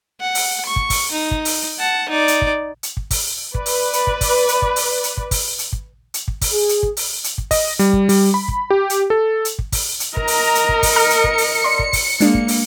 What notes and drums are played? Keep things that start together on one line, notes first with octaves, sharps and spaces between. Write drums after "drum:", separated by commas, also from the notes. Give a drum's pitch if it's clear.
F#5
drum: open hi-hat
C#6
drum: kick
drum: kick, open hi-hat
D#4
drum: kick
drum: open hi-hat
F#5 A5
D#4 D5
drum: hi-hat
drum: kick
drum: hi-hat
drum: kick
drum: kick, open hi-hat
B4 D5, drum: kick
drum: open hi-hat
drum: hi-hat
drum: kick
drum: kick, open hi-hat
drum: hi-hat
drum: kick
drum: open hi-hat
drum: hi-hat
drum: kick
drum: kick, open hi-hat
drum: hi-hat
drum: kick
drum: hi-hat
drum: kick
drum: kick, open hi-hat
G#4
drum: hi-hat
drum: kick
drum: open hi-hat
drum: hi-hat
drum: kick
D#5, drum: kick, open hi-hat
G3, drum: hi-hat
drum: kick
G3, drum: open hi-hat
B5
drum: kick
G4
drum: hi-hat
A4
drum: hi-hat
drum: kick
drum: kick, open hi-hat
drum: hi-hat
A#4 D#5 A#5, drum: kick
drum: open hi-hat
drum: hi-hat
drum: kick
drum: kick, open hi-hat
A#5 F6 C#7
drum: hi-hat
drum: kick
drum: open hi-hat
D5 C6
drum: kick
drum: kick, open hi-hat
G#3 A#3 D4, drum: hi-hat
drum: kick
drum: open hi-hat